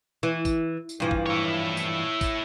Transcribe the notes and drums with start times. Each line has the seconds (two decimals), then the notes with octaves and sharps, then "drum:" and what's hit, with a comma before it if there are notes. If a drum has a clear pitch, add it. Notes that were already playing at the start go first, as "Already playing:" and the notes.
0.23 E3
0.45 drum: kick, tambourine
0.89 drum: tambourine
1.00 G2 E3 F3
1.11 drum: kick
1.26 E4 C#5
1.77 drum: tambourine
2.21 drum: kick, tambourine